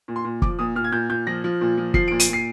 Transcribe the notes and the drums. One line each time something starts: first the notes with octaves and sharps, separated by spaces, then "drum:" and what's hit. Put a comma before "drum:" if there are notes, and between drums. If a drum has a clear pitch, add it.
A#2
C6
A#2
F3 D6, drum: kick
A#2 D#6
A#2 F6
G#6
A#2 G6
A#2 G6
F3 A#6
F3
A#2
F3
F3 C7, drum: kick
D7
A#2
D#7, drum: hi-hat
A#2 C7